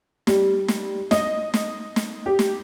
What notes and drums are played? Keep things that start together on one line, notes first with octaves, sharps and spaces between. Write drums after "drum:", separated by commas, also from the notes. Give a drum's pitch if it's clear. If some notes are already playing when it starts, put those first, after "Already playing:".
G3, drum: snare
drum: snare
D#5, drum: snare
drum: snare
drum: snare
G4
drum: snare